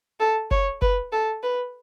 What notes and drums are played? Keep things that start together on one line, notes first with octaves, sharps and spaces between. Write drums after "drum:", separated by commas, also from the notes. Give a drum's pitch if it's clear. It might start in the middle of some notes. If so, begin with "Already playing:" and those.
A4
C#5, drum: kick F#1
B4, drum: kick F#1
A4
B4